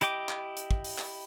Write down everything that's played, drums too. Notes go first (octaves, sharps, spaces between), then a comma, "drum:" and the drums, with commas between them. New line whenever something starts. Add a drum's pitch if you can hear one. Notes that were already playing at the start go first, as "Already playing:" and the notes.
E4 G4 D#5 G5 D6, drum: hi-hat
drum: clap
drum: hi-hat
drum: kick
drum: open hi-hat
drum: clap